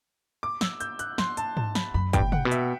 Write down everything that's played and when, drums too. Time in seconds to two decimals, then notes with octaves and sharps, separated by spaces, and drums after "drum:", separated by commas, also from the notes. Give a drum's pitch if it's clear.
0.43 D6
0.61 E6, drum: snare
0.80 G6, drum: hi-hat
0.99 F#6, drum: hi-hat
1.18 C6, drum: snare
1.37 A5, drum: hi-hat
1.57 A5, drum: tom G#2
1.75 B5, drum: snare
1.94 F#2 B5
2.13 G2 G5, drum: kick, hi-hat
2.20 A2
2.32 F#5, drum: tom C3
2.45 B2
2.51 E5, drum: hi-hat